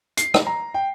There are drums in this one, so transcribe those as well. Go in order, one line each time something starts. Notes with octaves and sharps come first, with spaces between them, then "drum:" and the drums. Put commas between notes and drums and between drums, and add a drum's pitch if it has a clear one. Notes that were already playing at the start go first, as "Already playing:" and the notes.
C7, drum: hi-hat
drum: rim click
A#5
G5